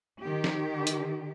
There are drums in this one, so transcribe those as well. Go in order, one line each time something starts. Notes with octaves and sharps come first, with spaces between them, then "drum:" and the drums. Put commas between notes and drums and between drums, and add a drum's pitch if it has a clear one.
D#3 G4
drum: snare
drum: hi-hat